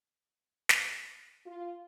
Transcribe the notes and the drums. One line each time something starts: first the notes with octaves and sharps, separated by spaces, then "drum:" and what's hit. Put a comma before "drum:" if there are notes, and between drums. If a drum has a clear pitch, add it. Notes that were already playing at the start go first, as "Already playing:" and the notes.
drum: snare
F4